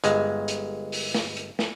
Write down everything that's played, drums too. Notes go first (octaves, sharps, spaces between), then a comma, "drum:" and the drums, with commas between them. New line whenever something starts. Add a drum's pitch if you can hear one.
G1 G#3, drum: hi-hat
drum: hi-hat
drum: open hi-hat
drum: snare
drum: hi-hat
drum: snare